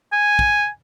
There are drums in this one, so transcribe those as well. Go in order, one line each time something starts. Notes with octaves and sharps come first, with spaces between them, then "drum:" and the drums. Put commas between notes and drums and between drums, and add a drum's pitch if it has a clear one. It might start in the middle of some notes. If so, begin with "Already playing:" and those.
G#5
drum: kick